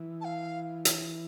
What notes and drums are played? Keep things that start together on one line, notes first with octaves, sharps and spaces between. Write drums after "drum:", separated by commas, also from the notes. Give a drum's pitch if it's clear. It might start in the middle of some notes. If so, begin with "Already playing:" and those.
Already playing: E3
A5
F5
drum: hi-hat